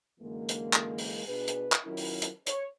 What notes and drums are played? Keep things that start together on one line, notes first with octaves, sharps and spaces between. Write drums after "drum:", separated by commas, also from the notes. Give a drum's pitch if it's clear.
F#2 D3 E3 G#3 A#3
drum: hi-hat
drum: clap
drum: open hi-hat
B2 D4 G#4 B4
drum: hi-hat
drum: clap
D#3 F#3 C#4 E4 F4 A#4
drum: open hi-hat
drum: hi-hat
C#5, drum: hi-hat